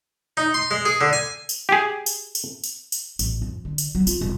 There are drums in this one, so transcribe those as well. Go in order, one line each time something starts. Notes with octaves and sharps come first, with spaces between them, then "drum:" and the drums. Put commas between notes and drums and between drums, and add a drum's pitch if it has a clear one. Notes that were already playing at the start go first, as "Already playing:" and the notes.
D#4
C6
G#3
G#4
D3
G#5
drum: tambourine
G4 G#4
drum: tambourine
drum: tambourine
drum: tambourine
drum: tambourine
A1, drum: tambourine
F2
D3
drum: tambourine
F#3
F4, drum: tambourine
D#1